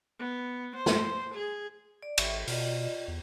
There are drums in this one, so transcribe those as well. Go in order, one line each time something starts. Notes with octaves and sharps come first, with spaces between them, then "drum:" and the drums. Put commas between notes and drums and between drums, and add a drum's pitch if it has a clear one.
B3
C5
drum: snare
G#4
D5
G#1 E5 C#6, drum: cymbal
B2 F4 D5 D#5, drum: open hi-hat
E2